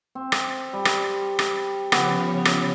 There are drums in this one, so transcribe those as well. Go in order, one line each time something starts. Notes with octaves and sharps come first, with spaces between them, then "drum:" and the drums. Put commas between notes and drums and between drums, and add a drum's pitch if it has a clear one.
C4
drum: rim click
G3
drum: rim click
drum: rim click
C#3 F3 B3 C#5 D6, drum: rim click
drum: rim click